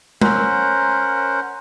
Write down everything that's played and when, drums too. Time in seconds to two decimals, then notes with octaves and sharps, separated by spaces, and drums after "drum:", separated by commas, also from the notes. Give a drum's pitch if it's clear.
0.22 C#4 A#4 C5 F#5, drum: tom G#3